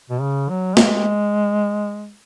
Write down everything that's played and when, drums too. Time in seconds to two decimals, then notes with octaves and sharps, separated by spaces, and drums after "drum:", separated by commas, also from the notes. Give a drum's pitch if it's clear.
0.10 B2
0.22 C#3
0.49 F#3
0.77 G#3, drum: snare